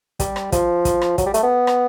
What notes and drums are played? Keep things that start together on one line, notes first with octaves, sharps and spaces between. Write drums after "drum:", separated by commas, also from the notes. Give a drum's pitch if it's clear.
G3, drum: kick, hi-hat
drum: rim click
F3, drum: kick, hi-hat
drum: kick, hi-hat
drum: rim click
F#3, drum: kick, hi-hat
G3
A3, drum: hi-hat
B3
drum: rim click